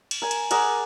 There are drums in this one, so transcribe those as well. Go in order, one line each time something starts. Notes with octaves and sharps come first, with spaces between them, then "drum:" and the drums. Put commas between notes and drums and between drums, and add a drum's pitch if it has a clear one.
drum: cymbal
A#4 G#5
drum: cymbal
G#4 A#4 D5 F#5, drum: cymbal